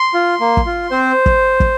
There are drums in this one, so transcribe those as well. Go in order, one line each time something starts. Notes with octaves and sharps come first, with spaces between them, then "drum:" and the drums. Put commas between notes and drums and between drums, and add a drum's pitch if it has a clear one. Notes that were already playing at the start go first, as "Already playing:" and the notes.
Already playing: C6
F4
A#3
drum: kick
F4
C4 C5
drum: kick
drum: kick